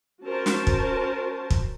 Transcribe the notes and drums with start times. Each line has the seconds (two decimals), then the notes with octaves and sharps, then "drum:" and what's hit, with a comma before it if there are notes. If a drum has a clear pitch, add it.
0.25 C#4 F#4 A#4 C5 A5
0.46 drum: snare
0.67 drum: kick
1.50 drum: kick